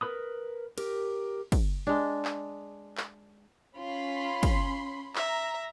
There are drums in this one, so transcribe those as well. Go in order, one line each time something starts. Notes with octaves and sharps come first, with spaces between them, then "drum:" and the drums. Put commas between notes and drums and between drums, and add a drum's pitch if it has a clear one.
A#4 B4 B5 D#6
G4 A#4, drum: cymbal
drum: kick, cymbal
G#3 D4
drum: clap
drum: clap
C#4 F4 B5 C6
drum: kick, cymbal
E5 A#5, drum: clap